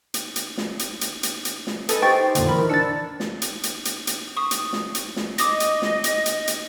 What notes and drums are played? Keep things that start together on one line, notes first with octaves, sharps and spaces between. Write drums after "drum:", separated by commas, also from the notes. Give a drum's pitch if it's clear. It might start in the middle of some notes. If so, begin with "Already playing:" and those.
drum: hi-hat
drum: hi-hat
drum: snare
drum: hi-hat
drum: hi-hat
drum: hi-hat
drum: hi-hat
drum: snare
A4 B4 D#5 G#5, drum: hi-hat
D#4 G4 C5 G5 C#6 A6
F2 A#2 D3, drum: hi-hat
D#3 E3 A#4 B5
D4 E6 A6 C#7
drum: snare
drum: hi-hat
drum: hi-hat
drum: hi-hat
drum: hi-hat
C#6 D#6
drum: hi-hat
drum: snare
drum: hi-hat
drum: snare
D#5 D6 D#6 A#6, drum: hi-hat
drum: hi-hat
drum: snare
drum: hi-hat
drum: hi-hat
drum: hi-hat